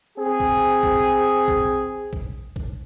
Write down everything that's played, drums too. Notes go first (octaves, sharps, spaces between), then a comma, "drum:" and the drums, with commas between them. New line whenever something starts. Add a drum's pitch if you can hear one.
C4 G#4
drum: kick A#1
drum: kick A#1
drum: kick A#1
drum: kick A#1
drum: kick A#1